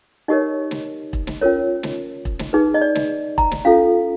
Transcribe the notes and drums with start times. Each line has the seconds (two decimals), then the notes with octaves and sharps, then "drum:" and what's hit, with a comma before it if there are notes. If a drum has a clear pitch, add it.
0.28 D#4 G4 A#4 C#5 D#5
0.71 drum: snare
1.13 drum: kick E1
1.27 drum: snare
1.41 C#4 F4 A#4 C#5
1.83 drum: snare
2.25 drum: kick E1
2.39 drum: snare
2.53 D#4 G#4 B4
2.74 D#5
2.82 D5
2.95 drum: snare
3.38 A#5, drum: kick E1
3.51 drum: snare
3.65 C#4 F4 A4 F5